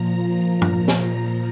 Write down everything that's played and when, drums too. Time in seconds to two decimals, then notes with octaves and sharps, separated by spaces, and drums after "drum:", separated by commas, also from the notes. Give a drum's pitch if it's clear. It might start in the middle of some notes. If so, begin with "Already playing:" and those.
Already playing: A#2 F3 A#5
0.62 drum: tom G2
0.88 drum: snare